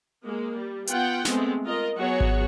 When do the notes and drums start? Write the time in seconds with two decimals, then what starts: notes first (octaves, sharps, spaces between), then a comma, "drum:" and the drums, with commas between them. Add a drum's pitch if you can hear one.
0.25 G#3 A#3
0.56 G3
0.87 B3 F4 F#5 G5, drum: hi-hat
1.25 G#3 A3 B3 C4, drum: snare
1.65 F4 A#4 D#5
1.97 F#3 B3 F#4 G#4 C#5
2.20 drum: kick G#1